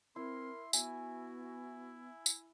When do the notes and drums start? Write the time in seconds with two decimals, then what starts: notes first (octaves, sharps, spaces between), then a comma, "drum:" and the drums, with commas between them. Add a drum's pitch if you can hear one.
0.16 C4 E4 A#4 C6
0.73 B3 E4 F#4 G#5, drum: tambourine
2.26 drum: tambourine